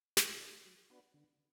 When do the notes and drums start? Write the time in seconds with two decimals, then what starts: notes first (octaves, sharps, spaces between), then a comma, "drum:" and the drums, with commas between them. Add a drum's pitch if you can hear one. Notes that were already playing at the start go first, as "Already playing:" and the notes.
0.17 G#3, drum: snare
0.41 D4 G#4
0.65 F#3
0.90 B3 D4 F#4 B4
1.14 D3